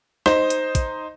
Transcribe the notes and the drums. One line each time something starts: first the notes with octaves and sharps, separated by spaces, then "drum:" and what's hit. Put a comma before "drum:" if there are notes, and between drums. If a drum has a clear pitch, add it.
D#4 C5, drum: rim click
drum: hi-hat
drum: kick, hi-hat